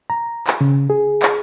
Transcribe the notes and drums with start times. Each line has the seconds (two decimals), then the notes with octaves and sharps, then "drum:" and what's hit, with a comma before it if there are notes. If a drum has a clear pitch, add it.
0.10 A#5
0.47 drum: clap
0.61 C#3
0.90 G#4
1.22 drum: clap